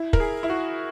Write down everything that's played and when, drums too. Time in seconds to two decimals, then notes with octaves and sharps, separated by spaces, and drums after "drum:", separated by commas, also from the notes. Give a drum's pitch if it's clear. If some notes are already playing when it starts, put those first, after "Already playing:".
Already playing: E4
0.13 A#4, drum: kick
0.20 G#4
0.43 E4
0.49 F#4